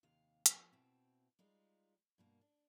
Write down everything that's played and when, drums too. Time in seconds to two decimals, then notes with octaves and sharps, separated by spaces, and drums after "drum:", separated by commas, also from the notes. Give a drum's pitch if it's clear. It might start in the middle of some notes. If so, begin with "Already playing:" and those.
0.03 D#2 C3 F5
0.46 F3, drum: hi-hat
0.72 B2 C4 E4
1.39 G3 G#3 D#4 F4
2.18 G2 B2 A#3
2.41 D4